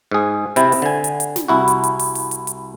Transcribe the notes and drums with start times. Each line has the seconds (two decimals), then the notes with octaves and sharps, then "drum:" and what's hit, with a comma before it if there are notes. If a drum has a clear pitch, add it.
0.11 G#2 G#4
0.56 C3 E4, drum: hi-hat
0.72 drum: open hi-hat
0.82 D3 G#5
1.04 drum: hi-hat
1.20 drum: hi-hat
1.36 drum: snare
1.48 C2 E4 F#4
1.68 drum: hi-hat
1.84 drum: hi-hat
1.99 drum: open hi-hat
2.15 drum: open hi-hat
2.31 drum: hi-hat
2.47 drum: hi-hat